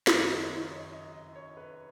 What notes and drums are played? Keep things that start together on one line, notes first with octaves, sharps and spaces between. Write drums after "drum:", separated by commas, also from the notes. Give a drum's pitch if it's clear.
F#1 F#2 D#3 B4, drum: snare
D#5
C#5
D#5
D#5
C#5
D#5
D#5
C#5
B4